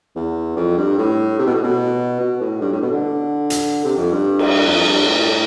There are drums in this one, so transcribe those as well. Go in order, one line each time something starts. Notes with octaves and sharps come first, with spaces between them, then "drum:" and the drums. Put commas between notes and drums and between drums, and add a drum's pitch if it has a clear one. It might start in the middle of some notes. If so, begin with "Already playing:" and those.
E2
F2
G2
A2
C3
B2
A2
B2
B2
A2
G2
A2
B2
D3
drum: hi-hat
C3
F2
G2
drum: cymbal
F2
G2
A2
A2